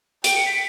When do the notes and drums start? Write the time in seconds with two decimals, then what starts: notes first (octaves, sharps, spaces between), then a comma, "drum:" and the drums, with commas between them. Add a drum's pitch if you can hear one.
0.24 G5 D7, drum: hi-hat
0.36 C#7
0.46 B6